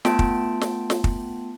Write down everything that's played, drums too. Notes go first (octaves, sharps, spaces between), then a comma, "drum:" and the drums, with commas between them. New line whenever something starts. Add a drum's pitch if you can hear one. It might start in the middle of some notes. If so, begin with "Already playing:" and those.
A3 B3 F4 G5 A5 D7, drum: snare
drum: kick
drum: snare
drum: snare
drum: kick